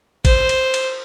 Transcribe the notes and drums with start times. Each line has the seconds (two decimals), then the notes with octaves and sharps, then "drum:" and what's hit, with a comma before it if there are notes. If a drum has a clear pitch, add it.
0.25 C5, drum: kick A1, cymbal
0.49 drum: cymbal
0.74 drum: cymbal